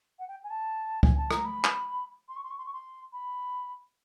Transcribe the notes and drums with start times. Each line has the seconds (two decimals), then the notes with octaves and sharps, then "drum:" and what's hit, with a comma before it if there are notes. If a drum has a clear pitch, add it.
0.19 F#5
0.28 G5
0.44 G#5
0.50 A5
1.03 G#5, drum: kick C#2
1.17 A5
1.31 A#5, drum: rim click
1.45 B5
1.64 drum: clap
2.29 C6
2.36 C#6
2.44 C6
2.51 C#6
2.58 C6
2.66 C#6
2.73 C6
3.13 B5